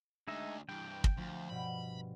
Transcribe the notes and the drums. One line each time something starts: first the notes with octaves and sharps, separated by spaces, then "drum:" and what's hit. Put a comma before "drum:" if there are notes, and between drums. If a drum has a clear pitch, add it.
D2 G#3 D#4 E5
G2 E3 G5
drum: kick
D2 F3
G2 B2 B5